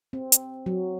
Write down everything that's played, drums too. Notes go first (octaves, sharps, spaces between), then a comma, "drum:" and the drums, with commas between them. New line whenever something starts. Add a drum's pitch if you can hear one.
C4
drum: hi-hat
F#3